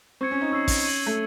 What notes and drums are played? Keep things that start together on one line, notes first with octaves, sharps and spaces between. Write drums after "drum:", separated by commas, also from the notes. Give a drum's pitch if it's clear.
C4 C#6 G#6 C#7
C#4
D#4
C#4 C#6 E6 G#6 C7
drum: kick, open hi-hat
G#6 D#7 F#7
A3